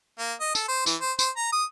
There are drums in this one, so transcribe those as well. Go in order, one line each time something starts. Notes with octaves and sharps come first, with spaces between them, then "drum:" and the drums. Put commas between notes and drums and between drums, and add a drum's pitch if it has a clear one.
A#3
D#5
A4, drum: tambourine
C5
E3, drum: tambourine
C5
C5, drum: tambourine
A#5
D#6